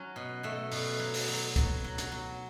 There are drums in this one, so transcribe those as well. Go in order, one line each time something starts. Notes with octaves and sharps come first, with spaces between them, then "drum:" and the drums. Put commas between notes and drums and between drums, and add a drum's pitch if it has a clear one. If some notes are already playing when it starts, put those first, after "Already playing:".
Already playing: F#3 C#4
B2
B2 A3
B2, drum: open hi-hat
F#3
drum: open hi-hat
F#3
F#3, drum: kick C#2, hi-hat
F#3
drum: hi-hat
F#3